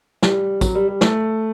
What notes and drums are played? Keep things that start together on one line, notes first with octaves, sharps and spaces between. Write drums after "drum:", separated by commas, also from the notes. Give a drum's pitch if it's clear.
G3, drum: snare
F#3, drum: kick, tambourine
G3
G3
A3, drum: snare